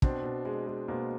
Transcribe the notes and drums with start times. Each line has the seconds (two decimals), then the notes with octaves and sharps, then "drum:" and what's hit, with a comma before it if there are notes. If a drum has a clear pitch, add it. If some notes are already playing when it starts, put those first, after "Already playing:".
0.02 B2 C4 D4, drum: kick
0.24 B2
0.45 G#3
0.67 G#3
0.88 B2 A#3 C4